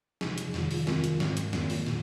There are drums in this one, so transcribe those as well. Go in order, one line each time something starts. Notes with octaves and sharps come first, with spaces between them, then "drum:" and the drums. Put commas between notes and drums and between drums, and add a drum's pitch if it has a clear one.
C3 F3 G#3 D#4 G#4, drum: snare
drum: hi-hat
F2 C3 D#3 G#3 F4, drum: snare
drum: open hi-hat
D#3 G#3 C4 F4 A#4, drum: snare
drum: hi-hat
G#2 F3 C4, drum: snare
drum: hi-hat
F2 D#3 A#3 F4 A#4, drum: snare
drum: open hi-hat
A#2, drum: snare